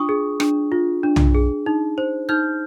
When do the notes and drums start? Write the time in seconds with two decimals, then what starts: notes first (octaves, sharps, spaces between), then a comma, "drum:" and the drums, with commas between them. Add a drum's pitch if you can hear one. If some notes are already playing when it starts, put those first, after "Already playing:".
Already playing: D4 F4 C#6 D#6
0.09 G#4
0.40 D4, drum: rim click
0.72 F4
1.03 D4
1.16 drum: tom
1.35 G#4
1.66 D#4
1.98 C5
2.29 D#4 F6 G6